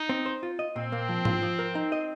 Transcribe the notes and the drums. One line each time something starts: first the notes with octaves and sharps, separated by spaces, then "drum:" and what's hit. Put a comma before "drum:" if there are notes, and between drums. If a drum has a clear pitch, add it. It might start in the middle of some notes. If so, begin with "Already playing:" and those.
Already playing: D#4
C4
C5
F4
D#5
A#2 C4
A#3
F3
F4, drum: tom G#2
F3
A#4
D#4
D#5